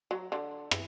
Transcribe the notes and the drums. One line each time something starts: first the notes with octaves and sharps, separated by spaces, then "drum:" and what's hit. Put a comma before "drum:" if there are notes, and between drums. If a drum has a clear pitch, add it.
F#3
D3
E3, drum: rim click